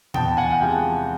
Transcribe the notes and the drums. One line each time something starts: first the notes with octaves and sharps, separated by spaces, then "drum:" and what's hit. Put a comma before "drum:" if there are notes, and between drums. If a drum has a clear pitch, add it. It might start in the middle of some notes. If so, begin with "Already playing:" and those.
E2 G5 A5, drum: tom A#2
A5
F#5 G#5
F#5
C3 F3 G#3 F5 G5